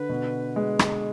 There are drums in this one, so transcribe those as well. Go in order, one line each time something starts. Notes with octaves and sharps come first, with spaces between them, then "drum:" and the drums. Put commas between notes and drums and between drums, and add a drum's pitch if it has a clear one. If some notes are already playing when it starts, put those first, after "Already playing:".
Already playing: D3 B4
B2
G#3
drum: rim click